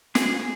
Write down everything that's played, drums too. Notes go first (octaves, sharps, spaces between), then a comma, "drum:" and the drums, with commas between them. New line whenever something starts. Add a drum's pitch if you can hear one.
G#4, drum: snare